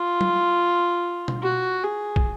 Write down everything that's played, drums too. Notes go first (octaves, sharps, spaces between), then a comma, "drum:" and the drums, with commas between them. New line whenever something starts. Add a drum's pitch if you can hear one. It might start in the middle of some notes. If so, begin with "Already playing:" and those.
Already playing: F4
drum: tom
drum: tom B2
F#4
G#4
drum: kick